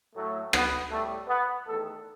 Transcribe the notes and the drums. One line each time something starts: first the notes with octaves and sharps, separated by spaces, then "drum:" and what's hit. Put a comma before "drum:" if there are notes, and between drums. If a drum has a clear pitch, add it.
A2 F#3 A3
B3, drum: rim click
A2 G3 A3
B3
E2 D#3 A3 A4